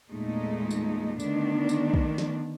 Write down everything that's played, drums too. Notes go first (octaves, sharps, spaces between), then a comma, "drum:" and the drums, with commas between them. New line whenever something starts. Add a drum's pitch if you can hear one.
E2 A#2 G#3 A3 D#4
drum: tambourine
D3 D#3 A3 B3 D4, drum: tambourine
drum: tambourine
drum: kick
drum: snare